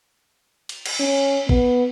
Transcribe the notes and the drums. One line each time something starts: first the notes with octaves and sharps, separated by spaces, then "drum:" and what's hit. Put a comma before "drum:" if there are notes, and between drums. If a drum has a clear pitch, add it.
drum: cymbal
drum: cymbal
C#4
B3, drum: kick